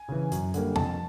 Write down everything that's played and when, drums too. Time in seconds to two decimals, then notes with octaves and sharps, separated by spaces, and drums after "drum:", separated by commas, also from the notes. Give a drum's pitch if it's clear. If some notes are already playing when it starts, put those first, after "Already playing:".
Already playing: G#5
0.09 C#3 E3
0.32 F#2, drum: hi-hat
0.54 D3 G3 A#3, drum: hi-hat
0.76 F2 A5, drum: tom C3